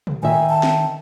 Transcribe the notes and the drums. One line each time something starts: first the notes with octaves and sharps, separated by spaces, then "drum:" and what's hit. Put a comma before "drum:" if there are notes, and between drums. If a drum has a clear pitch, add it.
drum: tom B2
D#3 E5 G#5
A5
drum: snare